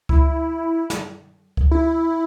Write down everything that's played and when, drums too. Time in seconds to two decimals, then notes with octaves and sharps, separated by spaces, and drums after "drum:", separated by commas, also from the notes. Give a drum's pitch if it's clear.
0.09 E4, drum: kick C#2
0.90 drum: snare
1.57 drum: kick C#2
1.71 E4